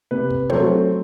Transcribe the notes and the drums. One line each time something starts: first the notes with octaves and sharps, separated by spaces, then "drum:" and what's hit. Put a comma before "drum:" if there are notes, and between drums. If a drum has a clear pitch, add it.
C3 B4
drum: kick
F#3 A3 C4, drum: tom